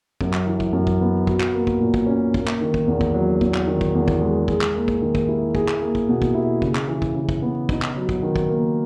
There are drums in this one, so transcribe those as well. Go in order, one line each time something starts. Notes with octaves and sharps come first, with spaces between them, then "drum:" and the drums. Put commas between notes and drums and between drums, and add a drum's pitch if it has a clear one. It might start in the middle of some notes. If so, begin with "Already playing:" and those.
F#2, drum: kick
drum: clap
E3
drum: kick
F#2
drum: kick
B3
F#4, drum: kick
drum: clap
A#3
drum: kick
A#2
drum: kick
C#4
A#3, drum: kick
drum: clap
D#3
drum: kick
E2
drum: kick
F#3
E2, drum: kick
drum: clap
D#3
drum: kick
E2
drum: kick
G#3
G#4, drum: kick
drum: clap
A#3
drum: kick
D#3
drum: kick
E4
G#4, drum: kick
drum: clap
A#3
drum: kick
B2
drum: kick
E4
C#3, drum: kick
drum: clap
E3
drum: kick
C#3
drum: kick
B3
D#4, drum: kick
drum: clap
F#3
drum: kick
D#3
drum: kick
A#3